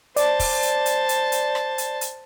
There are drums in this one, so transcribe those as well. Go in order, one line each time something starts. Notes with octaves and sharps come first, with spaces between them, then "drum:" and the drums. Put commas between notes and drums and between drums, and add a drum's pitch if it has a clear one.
C5 D5 A5, drum: hi-hat
drum: kick, open hi-hat
drum: hi-hat
drum: hi-hat
drum: hi-hat
drum: hi-hat
drum: rim click
drum: hi-hat
drum: hi-hat